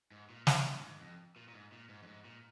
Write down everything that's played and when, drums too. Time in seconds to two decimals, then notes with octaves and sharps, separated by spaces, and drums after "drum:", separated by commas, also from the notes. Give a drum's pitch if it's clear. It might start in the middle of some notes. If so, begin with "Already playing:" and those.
0.11 G#2
0.30 A#2
0.47 D#3, drum: snare
0.65 A#2
0.82 G#2
1.00 F2
1.36 A#2
1.48 A#2
1.54 G#2
1.72 A#2
1.89 G#2
2.03 F2
2.07 G#2
2.25 A#2